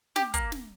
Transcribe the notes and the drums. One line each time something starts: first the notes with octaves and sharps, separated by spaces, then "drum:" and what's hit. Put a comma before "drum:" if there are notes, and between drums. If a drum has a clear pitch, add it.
G4, drum: snare
A#3, drum: kick, hi-hat
drum: snare